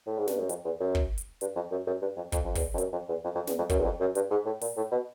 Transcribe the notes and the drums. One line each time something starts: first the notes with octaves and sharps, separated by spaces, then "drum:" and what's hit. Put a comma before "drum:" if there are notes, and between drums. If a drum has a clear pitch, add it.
A2
G#2
G2, drum: snare
F#2
F2, drum: hi-hat
E2
F#2
drum: kick
drum: hi-hat
G2, drum: hi-hat
F2
F#2
F#2
G2
F2
F2, drum: kick, hi-hat
F2
E2, drum: kick, open hi-hat
F2
F#2, drum: hi-hat
F2
E2
F2
F2
E2, drum: snare
F2
F#2, drum: kick, hi-hat
E2
F2
F#2
G2, drum: hi-hat
G#2
A2
A#2, drum: open hi-hat
A2
B2